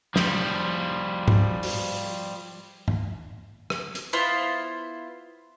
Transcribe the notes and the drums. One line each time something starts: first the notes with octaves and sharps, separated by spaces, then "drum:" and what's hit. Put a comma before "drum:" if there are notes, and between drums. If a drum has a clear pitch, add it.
F3 G3, drum: snare
drum: tom G#2
drum: open hi-hat
drum: tom G2
drum: rim click
drum: hi-hat
B3 E4 F4 C5